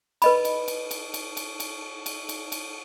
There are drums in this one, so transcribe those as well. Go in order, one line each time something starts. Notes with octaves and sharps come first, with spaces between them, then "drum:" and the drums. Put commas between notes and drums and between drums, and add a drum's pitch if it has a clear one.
B4 D#5 B5, drum: cymbal
drum: cymbal
drum: cymbal
drum: cymbal
drum: cymbal
drum: cymbal
drum: cymbal
drum: cymbal
drum: cymbal
drum: cymbal